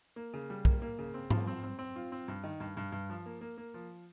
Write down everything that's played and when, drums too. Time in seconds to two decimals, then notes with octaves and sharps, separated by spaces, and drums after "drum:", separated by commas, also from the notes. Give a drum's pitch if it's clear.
0.16 A#3
0.33 C#3
0.50 G3
0.65 A#3, drum: kick
0.82 A#3
0.99 C#3
1.14 C4
1.30 F3, drum: tom G#2
1.47 C4
1.63 C4
1.79 C4
1.96 F4
2.12 C4
2.28 G2
2.44 D#3
2.60 G2
2.77 G2
2.92 G2
3.10 F3
3.26 A#3
3.41 A#3
3.58 A#3
3.74 F3